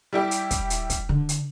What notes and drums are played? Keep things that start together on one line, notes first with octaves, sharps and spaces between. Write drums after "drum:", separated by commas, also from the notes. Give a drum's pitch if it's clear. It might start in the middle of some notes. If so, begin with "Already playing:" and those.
G3 E4 G4
drum: hi-hat
drum: kick, hi-hat
drum: hi-hat
drum: kick, hi-hat
D3
drum: hi-hat